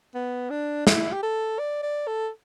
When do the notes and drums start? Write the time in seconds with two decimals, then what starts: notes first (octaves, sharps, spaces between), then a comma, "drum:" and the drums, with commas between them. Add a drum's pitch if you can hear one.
0.15 B3
0.50 D4
0.87 E4, drum: snare
1.12 G4
1.23 A4
1.59 D5
1.83 D5
2.07 A4